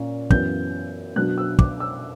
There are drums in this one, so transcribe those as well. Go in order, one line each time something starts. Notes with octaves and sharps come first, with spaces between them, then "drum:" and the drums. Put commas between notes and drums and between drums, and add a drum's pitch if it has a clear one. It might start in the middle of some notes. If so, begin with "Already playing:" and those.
Already playing: A#2 A#3 C#4
F#2 E3 B3 G6, drum: kick
B2 F#3 B3 D4 F#6
E6
D6, drum: kick
E6